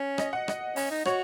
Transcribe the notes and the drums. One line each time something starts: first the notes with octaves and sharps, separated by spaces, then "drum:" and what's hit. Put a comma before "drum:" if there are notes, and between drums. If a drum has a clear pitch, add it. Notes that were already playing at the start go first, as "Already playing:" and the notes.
Already playing: C#4
D#5, drum: rim click
F#5
D#5, drum: rim click
C#4, drum: open hi-hat
D#4
F#4 C#5, drum: rim click